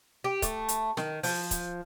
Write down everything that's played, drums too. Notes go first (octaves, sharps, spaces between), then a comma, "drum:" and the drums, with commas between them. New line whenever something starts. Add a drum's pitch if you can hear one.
G4
A3, drum: kick C#1, hi-hat
drum: hi-hat
D#3, drum: snare
F3, drum: open hi-hat
drum: kick C#1, hi-hat